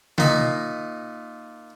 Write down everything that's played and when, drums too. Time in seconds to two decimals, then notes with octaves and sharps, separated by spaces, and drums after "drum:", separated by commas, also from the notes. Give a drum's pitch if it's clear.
0.18 A#2 D#4, drum: tom C3